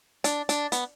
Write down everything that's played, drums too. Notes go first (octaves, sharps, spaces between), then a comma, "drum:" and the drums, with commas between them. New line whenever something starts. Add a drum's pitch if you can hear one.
D4, drum: hi-hat
D4, drum: hi-hat
B3, drum: hi-hat